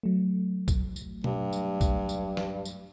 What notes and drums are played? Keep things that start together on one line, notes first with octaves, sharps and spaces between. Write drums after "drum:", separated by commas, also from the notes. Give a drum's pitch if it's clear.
F#3 A3
drum: kick, tambourine
drum: tambourine
G2, drum: tom B2
drum: tambourine
drum: kick, tambourine
drum: tambourine
drum: snare F3
drum: tambourine